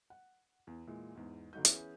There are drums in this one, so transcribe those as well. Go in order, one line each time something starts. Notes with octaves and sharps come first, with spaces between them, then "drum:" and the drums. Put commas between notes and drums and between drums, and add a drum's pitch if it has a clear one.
F#5
E2
A#2 E3 G#3
E2 G#2
G1 D3 F#3 D#4 F#4 G6
E3 B3 C#4 E4 G#4, drum: hi-hat